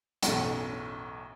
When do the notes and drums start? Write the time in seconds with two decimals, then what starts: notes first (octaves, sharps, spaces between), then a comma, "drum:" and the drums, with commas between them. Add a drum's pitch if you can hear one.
0.23 B1 F#2 A2 E3 A3 A4, drum: hi-hat